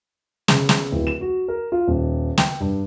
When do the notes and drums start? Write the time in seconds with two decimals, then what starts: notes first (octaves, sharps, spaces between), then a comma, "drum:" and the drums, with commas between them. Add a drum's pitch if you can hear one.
0.48 C#3, drum: snare
0.69 drum: snare
0.92 D1
1.07 E7
1.21 F#4
1.48 A#4
1.72 F4
1.88 D#1
2.38 G5, drum: snare
2.60 G2